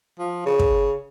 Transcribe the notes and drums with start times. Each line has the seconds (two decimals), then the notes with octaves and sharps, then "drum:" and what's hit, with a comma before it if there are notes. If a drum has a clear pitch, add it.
0.19 F3
0.46 C#3
0.59 drum: kick